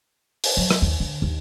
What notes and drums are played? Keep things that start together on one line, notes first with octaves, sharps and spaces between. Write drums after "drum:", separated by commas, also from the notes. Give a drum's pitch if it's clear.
drum: open hi-hat
F#3
drum: rim click
D#2
D3
D#2